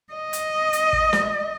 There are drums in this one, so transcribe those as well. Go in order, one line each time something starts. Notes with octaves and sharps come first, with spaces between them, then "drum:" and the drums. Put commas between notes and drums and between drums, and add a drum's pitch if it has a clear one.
D#5
drum: hi-hat
drum: hi-hat
drum: kick
drum: snare